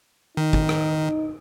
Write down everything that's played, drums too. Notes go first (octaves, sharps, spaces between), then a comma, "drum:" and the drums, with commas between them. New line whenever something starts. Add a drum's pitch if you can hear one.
D#3 D#4
drum: kick
drum: rim click